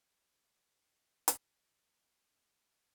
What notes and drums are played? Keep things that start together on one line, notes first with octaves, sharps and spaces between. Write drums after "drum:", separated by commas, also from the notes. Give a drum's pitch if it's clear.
A5 C6 G6 A#6 B6
F#5 C#6
drum: hi-hat
G#4 B4 C#5 E5 G5 G#5
G4 D#5 E5 G#5
G4 B5 D6